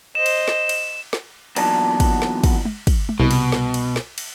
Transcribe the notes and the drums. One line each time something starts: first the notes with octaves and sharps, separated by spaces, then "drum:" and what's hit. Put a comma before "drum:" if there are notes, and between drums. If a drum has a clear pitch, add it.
C5 D#5 E7
drum: cymbal
drum: snare
drum: cymbal
drum: snare
E2 A#2 F#3 B3 D4 D#4, drum: cymbal
drum: kick, cymbal
drum: snare
drum: kick, cymbal
drum: tom
drum: kick, cymbal
drum: tom
C2 B2
drum: cymbal
drum: snare
drum: cymbal
drum: snare
drum: cymbal